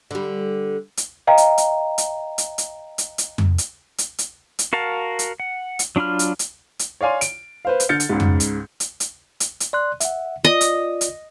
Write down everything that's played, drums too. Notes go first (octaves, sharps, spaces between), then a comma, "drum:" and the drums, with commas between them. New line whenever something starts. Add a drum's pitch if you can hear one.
D3 G3
drum: hi-hat
D#5 F5 G5 A#5
drum: hi-hat
drum: hi-hat
drum: hi-hat
drum: hi-hat
drum: hi-hat
drum: hi-hat
drum: hi-hat
drum: tom F2
drum: hi-hat
drum: hi-hat
drum: hi-hat
drum: hi-hat
F#4 A#4 F5 A5
drum: hi-hat
F#5
drum: hi-hat
F#3 D4 F4 B5 F6
drum: hi-hat
drum: hi-hat
drum: hi-hat
C#5 D5 F5 G#5 C6
D7, drum: hi-hat
B4 C5 F5
drum: hi-hat
D3 F6 G6 A6 C#7
drum: hi-hat
C#2 G#2
drum: tom F2
drum: hi-hat
drum: hi-hat
drum: hi-hat
drum: hi-hat
drum: hi-hat
D5 C6 F#6
E5 F#5, drum: hi-hat
F4 D5 D#5
drum: hi-hat
drum: hi-hat